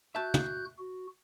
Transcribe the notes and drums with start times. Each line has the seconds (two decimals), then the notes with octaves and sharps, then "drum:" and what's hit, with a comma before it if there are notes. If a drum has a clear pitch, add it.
0.15 F#4 E5 A5 F#6 G6
0.34 drum: tom
0.78 F#4